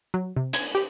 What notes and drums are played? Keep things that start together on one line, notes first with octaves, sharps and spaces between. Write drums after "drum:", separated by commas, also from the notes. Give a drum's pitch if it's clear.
F#3
C3
G#6, drum: hi-hat
G4